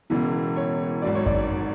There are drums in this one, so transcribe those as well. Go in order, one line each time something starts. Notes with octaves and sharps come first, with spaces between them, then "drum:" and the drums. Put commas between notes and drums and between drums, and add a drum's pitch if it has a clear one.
E1 E2 C#3 E3
C#5
G#1 G#2 F#3 D5
C#5
D5, drum: kick F#2